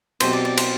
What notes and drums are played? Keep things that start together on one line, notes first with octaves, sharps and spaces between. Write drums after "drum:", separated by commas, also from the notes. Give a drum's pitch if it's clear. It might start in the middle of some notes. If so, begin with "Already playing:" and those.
B2 F#3 C4 G4 C5, drum: cymbal
D5
D5
C5, drum: cymbal